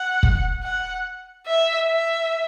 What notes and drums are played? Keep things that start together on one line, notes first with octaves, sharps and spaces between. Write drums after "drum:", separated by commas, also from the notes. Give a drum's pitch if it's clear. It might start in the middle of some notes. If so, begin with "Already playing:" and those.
Already playing: F#5
drum: kick
F#5
E5
E5